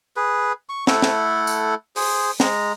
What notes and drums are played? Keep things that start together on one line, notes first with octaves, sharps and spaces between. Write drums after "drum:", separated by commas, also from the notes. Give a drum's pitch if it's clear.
G#4 B4
C#6
A3 E4 A4 F#5, drum: snare
drum: snare
drum: tambourine
G#4 C5, drum: open hi-hat
G#3 A#5, drum: snare